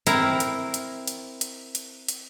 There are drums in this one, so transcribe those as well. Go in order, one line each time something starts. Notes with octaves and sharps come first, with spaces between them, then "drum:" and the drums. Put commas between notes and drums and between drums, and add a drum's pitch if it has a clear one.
C4 E4 A#4 A#5, drum: hi-hat
drum: hi-hat
drum: hi-hat
drum: hi-hat
drum: hi-hat
drum: hi-hat
drum: hi-hat